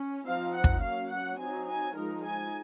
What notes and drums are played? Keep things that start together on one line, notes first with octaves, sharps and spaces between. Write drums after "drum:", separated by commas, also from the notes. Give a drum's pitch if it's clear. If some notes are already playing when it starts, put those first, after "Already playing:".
Already playing: C#4
F3 C4 D#4 F5
F#5
drum: kick
F#3 A#3 C#4 F5
F#5
F#3 C4 D#4 G#5
G#5
F3 G#3 D#4 A#4
G#5